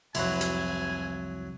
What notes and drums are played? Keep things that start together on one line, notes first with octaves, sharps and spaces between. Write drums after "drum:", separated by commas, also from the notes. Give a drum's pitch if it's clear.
C2 F2 F#3 E4 G#5 C6, drum: cymbal
drum: hi-hat